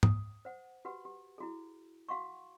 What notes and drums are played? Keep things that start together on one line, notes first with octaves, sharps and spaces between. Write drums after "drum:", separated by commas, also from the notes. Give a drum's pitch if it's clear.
D#6, drum: tom G#2
C5 F#5
F#4 G4 B4 F#5
G4
E4 F#4 G#4
F#4 F5 F#5 C6 C#6